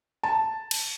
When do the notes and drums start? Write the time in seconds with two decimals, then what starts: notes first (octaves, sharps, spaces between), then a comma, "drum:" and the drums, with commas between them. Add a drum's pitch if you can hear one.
0.23 A5
0.71 drum: cymbal